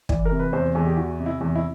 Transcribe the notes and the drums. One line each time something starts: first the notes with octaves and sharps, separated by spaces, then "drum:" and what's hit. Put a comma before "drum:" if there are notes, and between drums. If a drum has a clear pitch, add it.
E3 D5, drum: kick
A#4
C3
B4
E2 C5
E2 G#4
G4
E3 F#4
C3
E4
E2
E4